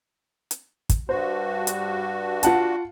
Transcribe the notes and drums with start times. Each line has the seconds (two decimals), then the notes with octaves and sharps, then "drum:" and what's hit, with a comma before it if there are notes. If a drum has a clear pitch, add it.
0.51 drum: hi-hat
0.89 drum: kick, hi-hat
1.09 G2 F#4 C5
1.67 drum: hi-hat
2.43 F4 F#5 A5, drum: hi-hat